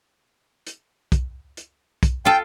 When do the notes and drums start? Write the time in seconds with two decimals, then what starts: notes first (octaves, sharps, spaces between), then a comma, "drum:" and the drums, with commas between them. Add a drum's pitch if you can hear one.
0.67 drum: hi-hat
1.12 drum: kick, hi-hat
1.57 drum: hi-hat
2.03 drum: kick, hi-hat
2.25 F4 A4 G5